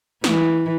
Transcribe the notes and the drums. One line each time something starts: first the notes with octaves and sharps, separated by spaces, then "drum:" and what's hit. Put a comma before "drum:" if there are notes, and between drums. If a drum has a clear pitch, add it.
E3, drum: snare